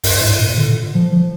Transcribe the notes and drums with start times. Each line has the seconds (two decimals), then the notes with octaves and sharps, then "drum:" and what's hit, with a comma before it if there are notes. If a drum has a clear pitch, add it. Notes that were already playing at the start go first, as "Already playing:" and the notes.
0.04 G2, drum: open hi-hat
0.21 A2
0.39 A#2
0.57 D3
0.95 F3
1.11 F3